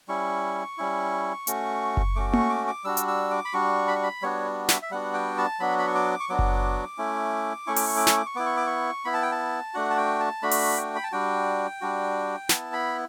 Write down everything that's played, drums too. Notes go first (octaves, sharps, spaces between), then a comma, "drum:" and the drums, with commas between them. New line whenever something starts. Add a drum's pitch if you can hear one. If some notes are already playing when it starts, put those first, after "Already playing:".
G3 C#4 E4 C#6
G3 C#4 E4
A3 C#4 F#4, drum: hi-hat
drum: kick F#1
A3 C#4 F#4 D6
C#6, drum: tom A#3
D6
D6
G3 D4 F#4 E6
drum: hi-hat
E6
D6
B5
G3 D4 F#4 C#6
B5
C#6
B5
G3 B3 D4 F#4 C#5
E5, drum: snare
E5
G3 B3 D4 F#4 F#5
G5
A5
F#3 B3 D4 F#4 B5
B5
C#6
D6
C#6
F#3 B3 D4 F#4 D6
drum: kick F#1
A3 C#4 E4
A3 C#4 E4 C#6
D6, drum: open hi-hat
C#6
D6
C#6, drum: snare
D6
C#6
B3 E4 D6
C#6
D6
C#6
B3 E4 B5
A5
G5
A5
A3 D4 F#4 F#5
A5
G5
A5
A3 D4 F#4 B5
drum: open hi-hat
G5
B5
A5
G3 D4 F#4 G5
G3 D4 F#4
B3 E4 A5, drum: snare
B5